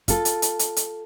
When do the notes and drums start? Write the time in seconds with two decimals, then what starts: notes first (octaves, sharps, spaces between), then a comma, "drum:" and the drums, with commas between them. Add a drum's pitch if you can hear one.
0.08 F4 A4, drum: kick, hi-hat
0.25 drum: hi-hat
0.42 drum: hi-hat
0.59 drum: hi-hat
0.76 drum: hi-hat